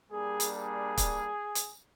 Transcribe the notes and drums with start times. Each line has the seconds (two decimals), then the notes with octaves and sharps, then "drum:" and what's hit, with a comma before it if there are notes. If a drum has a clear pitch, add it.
0.10 G3 A#3 D4 G#4
0.40 drum: hi-hat
0.54 G#4
0.97 drum: kick, hi-hat
1.55 drum: hi-hat